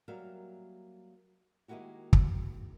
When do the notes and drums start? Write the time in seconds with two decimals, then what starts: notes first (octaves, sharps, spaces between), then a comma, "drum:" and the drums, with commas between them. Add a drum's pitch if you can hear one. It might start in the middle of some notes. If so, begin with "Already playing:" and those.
0.08 F#3 G3 A#3 A#4 E5 F5
1.68 D#3 G#3 A#3 E4 F#4 G4
2.13 drum: kick